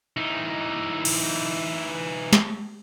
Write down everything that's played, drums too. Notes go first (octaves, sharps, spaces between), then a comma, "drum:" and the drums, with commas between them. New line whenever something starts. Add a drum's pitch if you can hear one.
E3 D#4
drum: cymbal
drum: snare